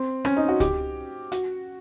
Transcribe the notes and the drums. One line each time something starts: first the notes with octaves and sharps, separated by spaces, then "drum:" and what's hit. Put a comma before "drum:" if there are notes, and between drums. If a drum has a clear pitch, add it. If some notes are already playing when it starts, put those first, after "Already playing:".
Already playing: C4
C#4, drum: rim click
D#4
F#4
G4, drum: kick C#2, hi-hat
F#4, drum: hi-hat